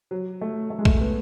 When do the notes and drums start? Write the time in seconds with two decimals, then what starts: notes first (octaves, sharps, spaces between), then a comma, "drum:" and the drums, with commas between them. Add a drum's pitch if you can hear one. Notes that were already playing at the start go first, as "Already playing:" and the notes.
0.11 F#3
0.41 A3
0.70 A3
0.79 G#3
0.85 A3, drum: kick A#1
1.01 B3